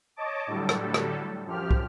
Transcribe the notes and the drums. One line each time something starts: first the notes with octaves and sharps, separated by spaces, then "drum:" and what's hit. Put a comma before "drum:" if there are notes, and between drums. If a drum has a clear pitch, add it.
C#5 D#5 A5 D6
A2 D3 F#3 G3 A4
drum: rim click
drum: rim click
F#2 F3 G4 F6
drum: kick